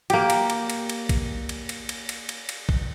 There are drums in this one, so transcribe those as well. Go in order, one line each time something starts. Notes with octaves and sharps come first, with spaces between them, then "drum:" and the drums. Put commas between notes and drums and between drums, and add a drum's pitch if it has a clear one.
A#3 G4, drum: cymbal
drum: cymbal
drum: cymbal
drum: cymbal
drum: cymbal
drum: kick A#1, cymbal
drum: cymbal
drum: cymbal
drum: cymbal
drum: cymbal
drum: cymbal
drum: cymbal
drum: kick A#1